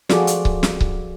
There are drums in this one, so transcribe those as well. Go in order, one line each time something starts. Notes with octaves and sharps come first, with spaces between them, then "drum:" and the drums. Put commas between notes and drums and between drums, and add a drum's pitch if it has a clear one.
F3 F4 F#4 G#4 A4 D5, drum: snare
drum: hi-hat
drum: kick C#1
drum: snare
drum: kick C#1